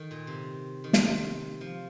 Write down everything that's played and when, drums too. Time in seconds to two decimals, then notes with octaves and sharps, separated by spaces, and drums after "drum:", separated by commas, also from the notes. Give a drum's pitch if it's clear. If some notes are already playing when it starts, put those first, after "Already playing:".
Already playing: D#3
0.11 A#2
0.27 C3
0.84 D#3
0.93 C3, drum: snare
1.61 F3